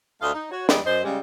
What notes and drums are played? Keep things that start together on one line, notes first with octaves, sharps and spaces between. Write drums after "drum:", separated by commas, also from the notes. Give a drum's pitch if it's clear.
D2 A3 D4 D#5 F5
D#4
F#4 C#5
E2 G3 G#3 D#4 G4 D5, drum: snare
F#2 C5 D#5
C#3 G3 G#3